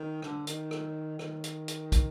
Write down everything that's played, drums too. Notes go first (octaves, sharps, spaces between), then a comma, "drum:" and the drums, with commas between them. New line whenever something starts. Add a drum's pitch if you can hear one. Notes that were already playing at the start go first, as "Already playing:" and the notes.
Already playing: D#3
D3, drum: rim click
D#3, drum: hi-hat
drum: rim click
D#3, drum: rim click
drum: hi-hat
drum: hi-hat
drum: kick, hi-hat